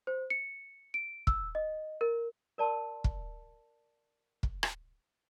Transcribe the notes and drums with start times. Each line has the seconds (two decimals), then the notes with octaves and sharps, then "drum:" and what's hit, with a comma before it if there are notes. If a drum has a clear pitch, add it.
0.07 C5
0.30 C#7
0.94 D7
1.27 E6, drum: kick
1.55 D#5
2.01 A#4
2.58 A#4 D5 A5 C6 E6
3.04 drum: kick
4.43 drum: kick
4.63 drum: rim click